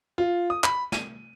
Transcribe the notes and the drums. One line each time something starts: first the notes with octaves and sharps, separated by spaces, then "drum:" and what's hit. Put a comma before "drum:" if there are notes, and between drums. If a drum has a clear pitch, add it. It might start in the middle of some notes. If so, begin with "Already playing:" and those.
F4
D#6
B5, drum: clap
D#7, drum: snare